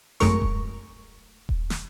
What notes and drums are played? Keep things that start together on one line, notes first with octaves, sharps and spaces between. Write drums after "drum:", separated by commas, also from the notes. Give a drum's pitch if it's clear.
G#1 F#2 G#3 A3 A#4 C#6, drum: snare
drum: kick D#1
drum: kick D#1
drum: snare